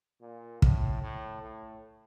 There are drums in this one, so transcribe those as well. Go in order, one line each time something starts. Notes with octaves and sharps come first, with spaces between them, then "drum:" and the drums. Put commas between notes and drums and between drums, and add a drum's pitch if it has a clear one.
A#2
A2, drum: kick
A2
A2